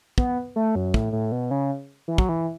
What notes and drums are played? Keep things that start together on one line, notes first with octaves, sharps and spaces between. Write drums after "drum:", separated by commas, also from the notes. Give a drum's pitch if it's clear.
B3, drum: kick
A3
F#2
A2, drum: kick
A2
B2
C#3
E3
F#3, drum: kick
E3